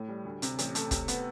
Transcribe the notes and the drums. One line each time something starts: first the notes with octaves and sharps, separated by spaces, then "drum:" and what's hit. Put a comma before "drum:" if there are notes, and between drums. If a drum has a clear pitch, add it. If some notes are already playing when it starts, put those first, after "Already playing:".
Already playing: A2
G3
D2
C3, drum: hi-hat
A1, drum: hi-hat
A3, drum: hi-hat
C3, drum: kick, hi-hat
B3, drum: hi-hat